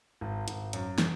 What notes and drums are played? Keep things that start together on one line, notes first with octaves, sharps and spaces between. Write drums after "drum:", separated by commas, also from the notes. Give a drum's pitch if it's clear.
G#1
G#1, drum: hi-hat
F#2, drum: hi-hat
drum: snare